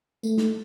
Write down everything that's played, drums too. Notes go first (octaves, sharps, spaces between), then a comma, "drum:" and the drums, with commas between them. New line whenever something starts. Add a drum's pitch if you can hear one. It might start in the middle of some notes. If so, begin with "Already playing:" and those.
A3, drum: tambourine
drum: snare